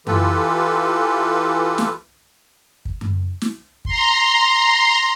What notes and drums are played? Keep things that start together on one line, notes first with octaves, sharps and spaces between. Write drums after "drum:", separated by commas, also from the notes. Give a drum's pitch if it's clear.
E3 F4 G4 A4 B4, drum: tom F#2
drum: snare
drum: kick
drum: tom F#2
drum: snare
A#5 C6, drum: kick